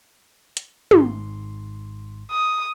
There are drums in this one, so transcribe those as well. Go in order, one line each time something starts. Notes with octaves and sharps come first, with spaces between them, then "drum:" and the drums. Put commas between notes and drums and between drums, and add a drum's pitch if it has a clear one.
drum: hi-hat
G#1 G#2 C6, drum: tom
D#6